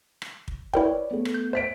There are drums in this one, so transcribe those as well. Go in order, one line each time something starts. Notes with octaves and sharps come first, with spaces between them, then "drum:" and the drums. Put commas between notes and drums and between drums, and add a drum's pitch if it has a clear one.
drum: rim click
drum: kick
E4 A#4 B4 C#5 D5 G5, drum: kick
A3 B3
drum: rim click
G6
C5 E5 B6 D7